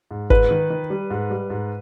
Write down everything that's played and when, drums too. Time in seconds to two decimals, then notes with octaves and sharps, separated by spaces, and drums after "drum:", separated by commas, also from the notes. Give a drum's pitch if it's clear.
0.11 G#2
0.30 G#2 B4, drum: kick G1
0.51 D#3
0.70 D#3
0.90 G3
1.10 G#2
1.30 G3
1.50 G#2